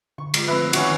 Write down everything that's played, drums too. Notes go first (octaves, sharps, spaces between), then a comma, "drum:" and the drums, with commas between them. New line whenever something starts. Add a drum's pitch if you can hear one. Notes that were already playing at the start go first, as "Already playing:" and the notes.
D3 C#6
G#3 F4, drum: cymbal
F3 A3 C4 B4 E5 A#5
D#3 C#4 D4 F#4, drum: cymbal